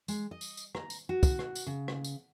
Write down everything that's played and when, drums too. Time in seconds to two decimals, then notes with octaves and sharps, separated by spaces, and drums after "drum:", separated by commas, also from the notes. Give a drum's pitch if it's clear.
0.08 G#3, drum: tambourine
0.31 D#5
0.41 drum: tambourine
0.57 drum: tambourine
0.75 A#5, drum: rim click
0.90 drum: tambourine
1.09 F#4
1.23 drum: kick, tambourine
1.39 drum: rim click
1.55 drum: tambourine
1.66 C#3
1.88 drum: rim click
2.04 drum: tambourine